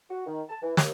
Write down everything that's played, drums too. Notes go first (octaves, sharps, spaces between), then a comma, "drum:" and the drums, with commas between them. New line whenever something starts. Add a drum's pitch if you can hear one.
F#4
D#3
A5
E3
D#2, drum: snare